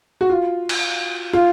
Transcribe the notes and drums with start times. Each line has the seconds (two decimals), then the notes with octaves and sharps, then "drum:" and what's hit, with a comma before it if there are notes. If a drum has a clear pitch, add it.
0.21 F#4
0.30 F4
0.69 drum: cymbal
1.33 F4